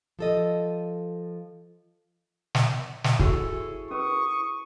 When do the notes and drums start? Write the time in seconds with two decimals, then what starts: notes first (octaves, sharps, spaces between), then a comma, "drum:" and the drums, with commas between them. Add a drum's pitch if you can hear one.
0.19 F3 A4 D#5
2.55 drum: snare
3.04 drum: snare
3.19 E4 F#4 G#4 A4 C#5, drum: kick
3.91 C#4 A#4 B4 C#6 D#6